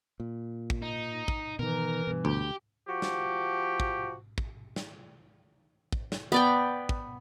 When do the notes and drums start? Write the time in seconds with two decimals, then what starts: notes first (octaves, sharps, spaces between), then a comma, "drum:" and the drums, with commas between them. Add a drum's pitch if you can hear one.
0.20 A#2
0.70 drum: kick
0.82 D#4
1.28 drum: kick
1.59 B2 D#3 E3 A#4
2.07 G2 B2
2.25 D2 G4
2.88 F3 F#4 G4
3.02 drum: snare
3.80 drum: kick
4.38 drum: kick
4.76 drum: snare
5.93 drum: kick
6.12 drum: snare
6.32 B3 D5 G5
6.89 drum: kick